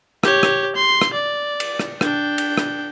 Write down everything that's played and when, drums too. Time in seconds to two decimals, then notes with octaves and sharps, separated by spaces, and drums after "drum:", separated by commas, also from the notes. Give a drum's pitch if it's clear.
0.23 G4 C#5, drum: rim click
0.43 drum: rim click
0.76 C6
1.01 drum: rim click
1.13 D5
1.60 drum: cymbal
1.79 drum: rim click
2.01 D4 G5, drum: rim click
2.38 drum: cymbal
2.57 drum: rim click